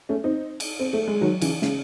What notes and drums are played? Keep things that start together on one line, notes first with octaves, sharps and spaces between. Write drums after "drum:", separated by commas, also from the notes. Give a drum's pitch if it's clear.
A3 C#4
C4 D#4
drum: cymbal
C4
A3
G#3
D#3 F#3
C#3 E3, drum: cymbal
C#3, drum: snare